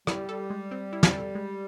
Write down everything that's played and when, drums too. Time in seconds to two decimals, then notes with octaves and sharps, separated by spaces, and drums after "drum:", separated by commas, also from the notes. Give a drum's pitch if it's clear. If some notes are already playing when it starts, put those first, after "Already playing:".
0.07 G3 E4, drum: rim click
0.29 A4
0.50 G#3
0.71 C4
0.93 E4
1.03 drum: snare
1.14 A4
1.35 G#3